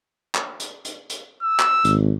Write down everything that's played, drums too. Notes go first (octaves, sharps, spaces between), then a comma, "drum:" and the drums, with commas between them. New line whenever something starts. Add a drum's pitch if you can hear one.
drum: clap
drum: hi-hat
drum: hi-hat
drum: hi-hat
E6
drum: clap
G#1, drum: hi-hat